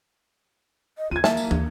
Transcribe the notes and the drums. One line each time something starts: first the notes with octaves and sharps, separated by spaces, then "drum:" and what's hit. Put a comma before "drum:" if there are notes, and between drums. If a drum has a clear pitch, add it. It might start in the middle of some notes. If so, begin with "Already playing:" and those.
D#5
D#2 F4 G#6 D#7
A#3 E5 A5, drum: snare
drum: tambourine
D#2, drum: tom